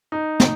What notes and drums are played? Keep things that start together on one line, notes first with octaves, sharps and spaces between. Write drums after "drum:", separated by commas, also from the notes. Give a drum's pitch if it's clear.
D#4
drum: snare